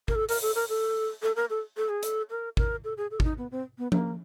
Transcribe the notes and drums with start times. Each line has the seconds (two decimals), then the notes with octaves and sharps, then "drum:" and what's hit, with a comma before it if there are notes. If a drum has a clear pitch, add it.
0.08 A#4, drum: kick
0.15 A4
0.29 A#4, drum: open hi-hat
0.42 A4
0.55 A#4
0.69 A4
1.23 A4
1.36 A#4
1.50 A4
1.77 A4
1.89 G#4
2.03 A4, drum: hi-hat
2.30 A#4
2.57 A#4, drum: kick
2.84 A4
2.97 G#4
3.11 A4
3.20 D4, drum: kick
3.24 D#4
3.38 B3
3.51 C4
3.78 B3
3.92 A#3, drum: tom F3